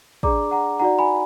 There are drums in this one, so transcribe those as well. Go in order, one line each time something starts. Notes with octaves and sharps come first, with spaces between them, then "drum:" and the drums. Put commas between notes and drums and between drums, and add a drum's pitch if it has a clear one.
D4 G#4 D5 A#5 D6, drum: kick
F#5 A#5
D#4 F#4 D5 F#5 A#5
G#5 B5